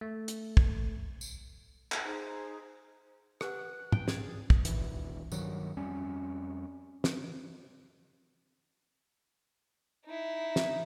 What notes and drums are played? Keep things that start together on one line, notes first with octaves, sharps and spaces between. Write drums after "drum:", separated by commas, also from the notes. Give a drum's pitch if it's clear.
A3
drum: hi-hat
drum: kick
drum: tambourine
drum: clap
D#4 G#4 C5 A#5
G4 B4 F#5 F#6, drum: rim click
G5, drum: tom
G#4 D5 F5, drum: snare
drum: kick
D#1 E3, drum: hi-hat
G2 D#3 F#3, drum: tambourine
F2 G3 C#4
drum: snare
D#4 E4
drum: snare